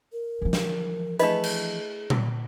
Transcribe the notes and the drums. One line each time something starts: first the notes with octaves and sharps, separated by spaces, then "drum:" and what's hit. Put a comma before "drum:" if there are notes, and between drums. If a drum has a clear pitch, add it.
A#4
E3 F3
drum: snare
A3 D4 E4 G#4 B4 D#5, drum: hi-hat
drum: cymbal
drum: tom A#2